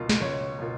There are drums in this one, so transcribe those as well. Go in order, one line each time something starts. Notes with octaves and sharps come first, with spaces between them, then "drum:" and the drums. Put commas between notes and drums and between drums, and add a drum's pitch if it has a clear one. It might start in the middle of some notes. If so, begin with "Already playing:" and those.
Already playing: C#2 B2 A#3 F4
drum: snare
C#2 C#5
B2 A#3 F4